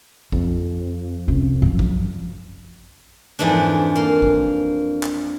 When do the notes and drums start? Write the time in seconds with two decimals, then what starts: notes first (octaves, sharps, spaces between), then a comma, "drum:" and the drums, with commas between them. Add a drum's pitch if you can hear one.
0.32 F2, drum: kick G#1
1.28 C2 C#4
1.62 F#2 F3
1.79 drum: kick G#1
3.39 F2 G#2 E3 G#3 D4
3.96 A#3 C6
4.22 drum: kick G#1
5.03 drum: clap